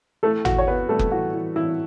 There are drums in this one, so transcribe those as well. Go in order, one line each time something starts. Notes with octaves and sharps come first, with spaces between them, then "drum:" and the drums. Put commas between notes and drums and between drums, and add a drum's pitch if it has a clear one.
E3 A3 A4
E3 F#4, drum: tom
C#5
B3 B4
G3 A3 A4
drum: kick F#1
E3 F#4
E3
E3 E4